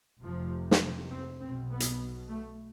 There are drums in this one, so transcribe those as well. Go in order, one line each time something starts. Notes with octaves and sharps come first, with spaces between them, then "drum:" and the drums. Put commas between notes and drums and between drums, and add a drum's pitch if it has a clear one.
F1 F2 C3 F3
drum: snare
C4
B1 B2 C4
B3
drum: hi-hat
A3